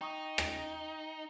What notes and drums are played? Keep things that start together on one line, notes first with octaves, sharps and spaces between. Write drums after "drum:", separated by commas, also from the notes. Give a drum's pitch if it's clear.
D#4 G5 C#6 D#6
drum: rim click